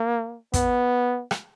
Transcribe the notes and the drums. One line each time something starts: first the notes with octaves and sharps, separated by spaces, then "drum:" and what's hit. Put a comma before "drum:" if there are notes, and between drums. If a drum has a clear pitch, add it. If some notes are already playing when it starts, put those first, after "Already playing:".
Already playing: A#3
B3, drum: kick, hi-hat
drum: rim click